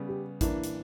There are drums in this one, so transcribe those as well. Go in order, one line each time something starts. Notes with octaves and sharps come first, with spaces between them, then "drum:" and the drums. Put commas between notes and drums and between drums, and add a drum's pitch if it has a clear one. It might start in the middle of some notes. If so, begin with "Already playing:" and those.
Already playing: C#3 G3 B3
G4
E3 A#3 D4 E4, drum: kick A1, hi-hat
drum: hi-hat